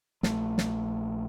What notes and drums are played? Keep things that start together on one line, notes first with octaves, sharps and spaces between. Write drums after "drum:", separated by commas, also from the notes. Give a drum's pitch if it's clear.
A#1 A3, drum: snare
drum: snare